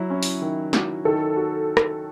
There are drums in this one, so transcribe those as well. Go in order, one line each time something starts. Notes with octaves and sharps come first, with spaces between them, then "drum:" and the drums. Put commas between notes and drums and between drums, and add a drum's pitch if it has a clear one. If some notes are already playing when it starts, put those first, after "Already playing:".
Already playing: F#3 E4
C#4
drum: open hi-hat
D#3
F#4, drum: snare
D#3 A4
F#4
drum: rim click